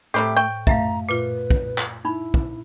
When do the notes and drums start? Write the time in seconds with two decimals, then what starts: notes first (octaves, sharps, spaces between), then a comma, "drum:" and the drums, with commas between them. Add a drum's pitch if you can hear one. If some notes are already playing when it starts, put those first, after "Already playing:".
0.14 A2 C3 G3 A3 G4 A4 C5 C#5
0.36 E5 G5 C#6
0.67 F#2 A3 E5 F5 A#5, drum: kick
1.09 A#2 F4 B4
1.50 drum: kick
1.78 drum: clap
2.05 D#4 E4 B5
2.34 drum: kick